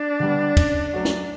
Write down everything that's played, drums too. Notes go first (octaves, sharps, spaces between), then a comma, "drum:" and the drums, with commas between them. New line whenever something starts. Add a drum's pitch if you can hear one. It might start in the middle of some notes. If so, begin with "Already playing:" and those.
Already playing: D4
D3 G3 B3
C#3, drum: kick, cymbal
F#3 A3 C#4 F#4
drum: snare